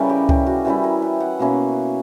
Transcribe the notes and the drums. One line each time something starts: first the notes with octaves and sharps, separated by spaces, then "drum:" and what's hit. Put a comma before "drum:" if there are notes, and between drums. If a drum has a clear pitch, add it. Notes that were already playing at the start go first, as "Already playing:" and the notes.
Already playing: C#3 E3 G3 C#4 E4 A#4
G4
G4, drum: kick C#2
F#4
E3 G3 C#4 E4 G4
A#4
B4
F#5
B2 A#3 C#4 E4